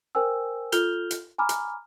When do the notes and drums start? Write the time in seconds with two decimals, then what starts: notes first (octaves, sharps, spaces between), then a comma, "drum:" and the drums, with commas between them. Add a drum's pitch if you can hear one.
0.15 A#4 C5 G5 G#5 E6
0.72 F4 A4 F6 G6 F7 G7, drum: hi-hat
1.11 drum: hi-hat
1.38 G#5 A#5 B5 D6 F6
1.49 drum: hi-hat